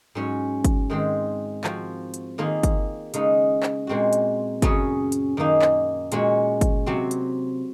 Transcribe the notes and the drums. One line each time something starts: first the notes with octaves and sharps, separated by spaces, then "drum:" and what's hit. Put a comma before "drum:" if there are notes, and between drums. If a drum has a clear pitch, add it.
G#2 F#3 C#4 F#4
drum: kick, hi-hat
G#2 D#3 G#3 C4
F3 C4 F#4, drum: clap
drum: hi-hat
D#3 A#3 F4 G#4
drum: kick, hi-hat
C#3 G#3 D#4, drum: hi-hat
drum: clap
A#2 G#3 C4 F#4
drum: hi-hat
F#2 C#3 F#3 C#4 G#4, drum: kick, hi-hat
drum: hi-hat
F#2 D#3 A#3 D#4
drum: clap
A#2 G#3 C#4 F#4, drum: hi-hat
drum: kick, hi-hat
C3 F#3 C4 F#4
drum: hi-hat